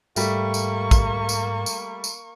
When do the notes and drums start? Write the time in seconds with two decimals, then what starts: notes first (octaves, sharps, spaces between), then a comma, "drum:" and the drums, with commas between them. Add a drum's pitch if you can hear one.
0.16 G#2 G3 A3 A#3 C#6, drum: tambourine
0.54 drum: tambourine
0.91 drum: kick, tambourine
1.29 drum: tambourine
1.66 drum: tambourine
2.04 drum: tambourine